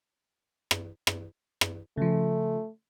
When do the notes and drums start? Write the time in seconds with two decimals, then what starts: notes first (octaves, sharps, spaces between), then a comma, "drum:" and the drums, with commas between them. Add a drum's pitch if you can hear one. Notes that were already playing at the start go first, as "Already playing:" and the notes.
0.71 drum: rim click
1.07 drum: rim click
1.61 drum: rim click
1.97 C#3 F3 A3